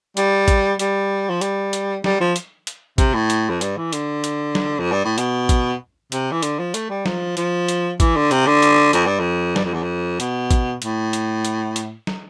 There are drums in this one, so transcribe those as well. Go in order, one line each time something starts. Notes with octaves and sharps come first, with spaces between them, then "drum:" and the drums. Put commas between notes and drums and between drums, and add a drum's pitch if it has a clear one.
G3, drum: hi-hat
drum: kick, hi-hat
G3, drum: hi-hat
F3
G3, drum: hi-hat
drum: hi-hat
G3, drum: snare
F3
drum: hi-hat
drum: hi-hat
C3, drum: kick, hi-hat
A2
drum: hi-hat
F2
G2, drum: hi-hat
E3
D3, drum: hi-hat
drum: hi-hat
drum: snare
F2
G2
A2
B2, drum: hi-hat
drum: kick, hi-hat
C3, drum: hi-hat
E3
D3, drum: hi-hat
F3
A3, drum: hi-hat
G3
F3, drum: snare
F3, drum: hi-hat
drum: hi-hat
E3, drum: kick, hi-hat
D3
C3, drum: hi-hat
D3
drum: hi-hat
F2, drum: hi-hat
G2
F2
G2, drum: snare
F2
E2
F2
B2, drum: hi-hat
drum: kick, hi-hat
A2, drum: hi-hat
drum: hi-hat
drum: hi-hat
drum: hi-hat
drum: snare